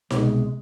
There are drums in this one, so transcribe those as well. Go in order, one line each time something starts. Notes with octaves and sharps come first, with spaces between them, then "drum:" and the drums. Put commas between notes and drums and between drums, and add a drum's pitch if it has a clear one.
C2 B2 G#3, drum: snare D#4